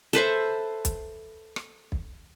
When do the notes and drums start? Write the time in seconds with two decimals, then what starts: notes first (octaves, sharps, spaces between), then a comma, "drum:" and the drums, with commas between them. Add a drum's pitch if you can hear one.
0.13 A4 B4 C5 E5, drum: hi-hat
0.85 drum: kick, hi-hat
1.56 drum: rim click
1.92 drum: kick